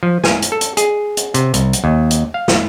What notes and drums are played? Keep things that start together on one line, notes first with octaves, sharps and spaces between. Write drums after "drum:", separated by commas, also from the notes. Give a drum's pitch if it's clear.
F3
G#5, drum: snare
drum: hi-hat
A4
drum: hi-hat
G#4, drum: hi-hat
drum: hi-hat
C3, drum: hi-hat
C2, drum: hi-hat
drum: hi-hat
D#2
drum: hi-hat
F5
drum: snare